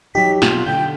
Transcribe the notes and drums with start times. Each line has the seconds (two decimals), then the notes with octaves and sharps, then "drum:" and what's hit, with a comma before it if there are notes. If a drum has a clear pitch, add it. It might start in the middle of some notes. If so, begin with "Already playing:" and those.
0.15 F#3 D#4 G4 B6
0.42 B2 F4, drum: snare
0.66 D3 G5 G6